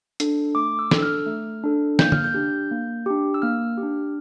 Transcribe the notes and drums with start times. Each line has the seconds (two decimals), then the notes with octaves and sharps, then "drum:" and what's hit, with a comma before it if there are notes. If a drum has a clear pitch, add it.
0.20 D4 A4, drum: hi-hat
0.55 A3 D6
0.79 E6
0.91 D4 A4, drum: snare
0.98 E6
1.02 F6
1.27 A3
1.63 D4 A4
1.99 A#3 G6, drum: snare
2.12 F6, drum: tom
2.24 G6
2.34 D4 G4
2.71 A#3
3.06 D4 G4
3.34 E6
3.42 A#3 F6
3.78 G4
3.83 D4